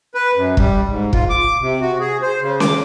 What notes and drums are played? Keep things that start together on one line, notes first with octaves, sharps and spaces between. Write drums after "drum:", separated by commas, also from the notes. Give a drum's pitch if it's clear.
B4
F#2
G3, drum: kick
G#2
F4, drum: kick
D6
C3
F#4
G#4
C5
C#3
D6, drum: snare C#4